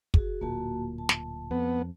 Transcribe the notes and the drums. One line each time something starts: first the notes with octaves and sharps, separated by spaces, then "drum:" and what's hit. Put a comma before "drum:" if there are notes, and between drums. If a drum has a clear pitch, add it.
F#4 G#4, drum: kick
D1 A#2 A#3 F#4 A5
A5
drum: snare
F2 B3